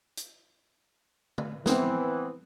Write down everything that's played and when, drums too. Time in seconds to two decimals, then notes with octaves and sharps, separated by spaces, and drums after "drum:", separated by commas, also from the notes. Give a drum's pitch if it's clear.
0.17 drum: hi-hat
1.38 drum: tom D3
1.66 E3 B3 C4, drum: snare